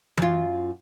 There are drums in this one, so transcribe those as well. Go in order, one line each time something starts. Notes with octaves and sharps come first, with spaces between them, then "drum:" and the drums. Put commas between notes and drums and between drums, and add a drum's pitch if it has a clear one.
F#2 F4, drum: tom E3